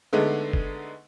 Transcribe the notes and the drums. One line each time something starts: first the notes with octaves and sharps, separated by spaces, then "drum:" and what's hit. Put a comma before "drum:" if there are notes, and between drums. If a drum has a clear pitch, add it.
D3 G#3 A3 B3 D#4
drum: kick